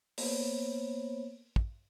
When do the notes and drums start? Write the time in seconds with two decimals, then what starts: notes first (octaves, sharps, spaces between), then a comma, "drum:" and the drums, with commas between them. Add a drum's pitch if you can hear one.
0.18 A#3 B3 C5 C#5, drum: open hi-hat
1.56 drum: kick